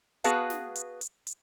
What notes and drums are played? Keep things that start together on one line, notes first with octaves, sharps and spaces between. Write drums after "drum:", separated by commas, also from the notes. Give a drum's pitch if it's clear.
B3 F#4 G#4 B4 F5 A5, drum: hi-hat
drum: snare
drum: hi-hat
drum: hi-hat
drum: hi-hat